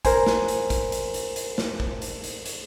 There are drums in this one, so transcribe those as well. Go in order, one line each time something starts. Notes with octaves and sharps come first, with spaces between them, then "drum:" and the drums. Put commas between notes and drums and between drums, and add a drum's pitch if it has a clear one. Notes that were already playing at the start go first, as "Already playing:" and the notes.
A#4 C5 G#5, drum: kick, hi-hat
drum: snare
drum: hi-hat
drum: kick, hi-hat
drum: hi-hat
drum: hi-hat
drum: hi-hat
drum: snare
drum: kick
drum: hi-hat
drum: hi-hat
drum: hi-hat